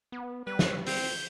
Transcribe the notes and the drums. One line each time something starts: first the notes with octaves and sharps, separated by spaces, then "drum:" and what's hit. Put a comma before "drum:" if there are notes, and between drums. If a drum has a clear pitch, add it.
B3
G3 B4
drum: snare
C4 G6, drum: open hi-hat